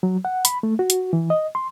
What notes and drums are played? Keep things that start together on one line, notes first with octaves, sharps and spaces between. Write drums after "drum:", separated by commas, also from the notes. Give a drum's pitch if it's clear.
F#3
F#5
B5, drum: hi-hat
A3
F#4
drum: hi-hat
E3
D#5
C6